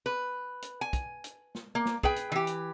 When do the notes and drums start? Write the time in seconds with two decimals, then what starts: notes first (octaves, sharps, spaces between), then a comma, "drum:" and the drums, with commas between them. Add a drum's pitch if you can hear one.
0.06 B4
0.62 drum: hi-hat
0.81 G#5
0.93 drum: kick, hi-hat
1.24 drum: hi-hat
1.55 drum: snare
1.75 A#3
1.85 drum: snare
2.03 G#4 B4 G5, drum: kick
2.16 drum: hi-hat
2.32 E3 G4
2.47 drum: hi-hat